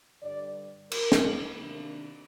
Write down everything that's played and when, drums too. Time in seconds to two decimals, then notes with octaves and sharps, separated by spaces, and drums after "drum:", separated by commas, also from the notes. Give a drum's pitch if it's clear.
0.22 G2 D3 G3 D5
0.91 A#4, drum: cymbal
1.12 drum: snare
1.60 C3 D#3 A#3 D4